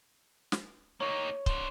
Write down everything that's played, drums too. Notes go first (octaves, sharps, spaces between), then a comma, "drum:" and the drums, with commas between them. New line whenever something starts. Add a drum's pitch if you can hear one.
drum: snare
A#3 D#4 C#5
D4 C5, drum: kick